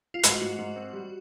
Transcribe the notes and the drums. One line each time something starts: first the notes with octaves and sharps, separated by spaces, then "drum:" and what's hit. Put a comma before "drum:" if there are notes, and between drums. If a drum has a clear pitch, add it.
F4
G#2 F#4, drum: hi-hat
G#2
G#2
C4
G3